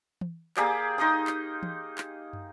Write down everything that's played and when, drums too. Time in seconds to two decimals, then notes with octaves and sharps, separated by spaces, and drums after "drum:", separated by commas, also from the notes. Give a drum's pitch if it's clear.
0.21 drum: tom E3
0.57 A#3 G4 G#4 D5, drum: clap
0.98 D#4 D#5 C6 D#6
1.27 drum: clap
1.63 drum: tom E3
1.98 drum: clap
2.33 drum: tom